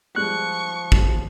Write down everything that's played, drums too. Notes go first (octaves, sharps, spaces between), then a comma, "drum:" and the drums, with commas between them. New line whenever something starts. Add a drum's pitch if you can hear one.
F3 G3 G#3 A4 C#6 F#6
drum: kick